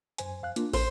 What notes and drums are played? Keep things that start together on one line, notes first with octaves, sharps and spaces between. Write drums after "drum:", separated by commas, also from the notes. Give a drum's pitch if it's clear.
F#2 C5 G#5, drum: hi-hat
F2 F5 F#6
A#3 D4 F4, drum: hi-hat
A4 C5, drum: kick, open hi-hat